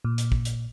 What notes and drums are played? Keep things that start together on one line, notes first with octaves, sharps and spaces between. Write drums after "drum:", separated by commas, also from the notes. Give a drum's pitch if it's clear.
A#2
drum: hi-hat
drum: kick
drum: hi-hat